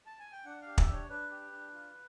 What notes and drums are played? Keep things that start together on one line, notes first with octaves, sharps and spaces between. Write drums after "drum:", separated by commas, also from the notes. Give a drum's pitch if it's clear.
A5
G#5
G5
D4 F#5
F5
G4
E5, drum: kick
D4
C#5
D4 B4
G4
D4
F4